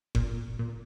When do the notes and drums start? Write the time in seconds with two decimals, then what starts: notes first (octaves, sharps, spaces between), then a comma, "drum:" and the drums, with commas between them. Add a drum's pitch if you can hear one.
0.15 A#2, drum: kick G1
0.59 A#2